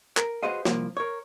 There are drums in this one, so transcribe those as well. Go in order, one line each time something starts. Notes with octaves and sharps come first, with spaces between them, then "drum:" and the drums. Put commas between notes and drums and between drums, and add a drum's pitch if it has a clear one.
A#4, drum: clap
F#4 G#4 B4 C5 D#5 F5
C2 F3 A#3, drum: snare
A#4 C#5